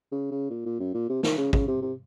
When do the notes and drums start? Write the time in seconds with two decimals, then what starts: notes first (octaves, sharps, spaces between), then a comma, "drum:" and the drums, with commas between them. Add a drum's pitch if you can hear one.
0.12 C#3
0.31 C#3
0.50 A#2
0.65 A#2
0.79 F#2
0.94 A#2
1.09 C3
1.23 D#3, drum: snare
1.38 C#3
1.53 C#3, drum: kick
1.68 C3
1.82 C3